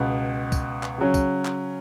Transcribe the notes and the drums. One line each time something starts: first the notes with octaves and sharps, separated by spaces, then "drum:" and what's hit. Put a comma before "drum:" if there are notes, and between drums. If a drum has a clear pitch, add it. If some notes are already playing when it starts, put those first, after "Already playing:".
Already playing: C#2 B2 B3
drum: kick C2, tambourine
drum: clap
C#3 F#3 C#4
drum: kick C2, tambourine
drum: clap